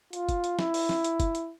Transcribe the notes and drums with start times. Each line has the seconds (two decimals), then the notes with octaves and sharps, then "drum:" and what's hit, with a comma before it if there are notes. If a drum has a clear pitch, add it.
0.13 F4, drum: hi-hat
0.29 drum: kick, hi-hat
0.44 drum: hi-hat
0.59 E4, drum: snare
0.74 drum: open hi-hat
0.89 drum: snare
1.04 drum: hi-hat
1.20 drum: kick, hi-hat
1.35 drum: hi-hat